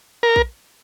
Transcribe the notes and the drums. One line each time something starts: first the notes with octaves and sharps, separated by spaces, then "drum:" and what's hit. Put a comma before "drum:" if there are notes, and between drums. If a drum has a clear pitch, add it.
A#4
drum: kick A#1